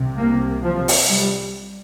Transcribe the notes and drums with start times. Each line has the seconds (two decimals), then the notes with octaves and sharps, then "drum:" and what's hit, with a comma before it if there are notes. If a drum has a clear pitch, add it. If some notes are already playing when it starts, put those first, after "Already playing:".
Already playing: C2 C3
0.17 A#3
0.64 F3
0.88 drum: open hi-hat
1.10 G3